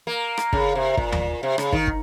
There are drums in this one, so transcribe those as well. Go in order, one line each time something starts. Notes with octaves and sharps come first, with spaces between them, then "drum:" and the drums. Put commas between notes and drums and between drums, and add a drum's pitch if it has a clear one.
A#3
drum: rim click
C#3, drum: kick
C3
A#2, drum: kick
drum: tom D#2
C3
C#3, drum: rim click
D#3, drum: kick
drum: kick